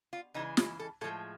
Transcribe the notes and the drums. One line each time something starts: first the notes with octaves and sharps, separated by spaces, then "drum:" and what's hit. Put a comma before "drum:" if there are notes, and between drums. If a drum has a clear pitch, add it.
F4
C#3 E3 G#3 D#4
E4, drum: snare
A4
A2 F3 G#3 A4